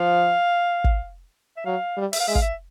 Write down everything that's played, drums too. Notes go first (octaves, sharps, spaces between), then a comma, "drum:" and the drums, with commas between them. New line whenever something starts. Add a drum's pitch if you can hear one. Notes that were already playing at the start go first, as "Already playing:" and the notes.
Already playing: F3 F5
drum: kick
E5
F#3 F5
G3
E5, drum: open hi-hat
F5
G#3 E5
F5, drum: kick
E5